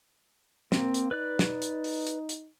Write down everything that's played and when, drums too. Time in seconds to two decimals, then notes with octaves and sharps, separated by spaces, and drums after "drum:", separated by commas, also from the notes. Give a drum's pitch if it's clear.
0.72 A#3 C4, drum: snare
0.94 drum: hi-hat
1.11 D#4 B4 D5 F#6
1.39 drum: snare
1.62 drum: hi-hat
1.84 drum: open hi-hat
2.07 drum: hi-hat
2.29 drum: hi-hat